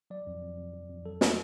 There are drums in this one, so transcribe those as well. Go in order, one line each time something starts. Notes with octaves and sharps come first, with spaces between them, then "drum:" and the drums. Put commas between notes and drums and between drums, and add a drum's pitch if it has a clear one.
F#3 D5
F2
F2
F2
F2
F2
F#3 A4
F#3, drum: snare